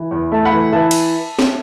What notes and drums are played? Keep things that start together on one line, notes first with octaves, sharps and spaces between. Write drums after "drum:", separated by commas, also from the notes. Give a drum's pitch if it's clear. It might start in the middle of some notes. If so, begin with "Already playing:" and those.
Already playing: E3
E2
A3 A5
F#5 B5
E3
E3 E5 A5
drum: cymbal
drum: snare